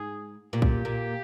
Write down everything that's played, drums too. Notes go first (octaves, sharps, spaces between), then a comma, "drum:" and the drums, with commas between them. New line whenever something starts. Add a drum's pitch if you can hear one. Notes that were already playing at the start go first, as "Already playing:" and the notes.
Already playing: G#2 G#4
A#2 G4
drum: kick B1
A#2